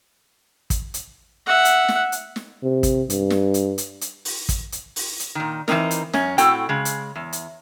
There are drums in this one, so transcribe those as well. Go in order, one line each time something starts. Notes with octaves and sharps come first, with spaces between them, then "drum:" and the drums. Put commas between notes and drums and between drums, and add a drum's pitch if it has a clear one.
drum: kick, hi-hat
drum: hi-hat
E5 F#5
drum: hi-hat
drum: snare
drum: hi-hat
drum: snare
C3
drum: kick, hi-hat
G2, drum: hi-hat
drum: snare
drum: hi-hat
drum: hi-hat
drum: hi-hat
drum: open hi-hat
drum: kick, hi-hat
drum: hi-hat
drum: open hi-hat
drum: hi-hat
A#2 D#3
E3 G#3 C4 D#4 A#4, drum: snare
drum: hi-hat
F#2 C#4, drum: snare
A2 C4 F#4 A4 G5, drum: hi-hat
C#3 G#3
drum: hi-hat
E2
drum: hi-hat